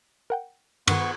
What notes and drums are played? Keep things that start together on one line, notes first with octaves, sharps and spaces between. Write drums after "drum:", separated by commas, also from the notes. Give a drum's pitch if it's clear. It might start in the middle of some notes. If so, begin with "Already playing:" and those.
A#4 F#5 G5
G2 D#3 B3 C#6, drum: cymbal